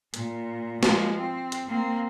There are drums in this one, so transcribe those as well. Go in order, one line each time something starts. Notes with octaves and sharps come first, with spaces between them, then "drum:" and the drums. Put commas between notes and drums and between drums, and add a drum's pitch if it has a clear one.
A#2, drum: hi-hat
F3 G#3, drum: snare
C4
drum: hi-hat
A#3 C4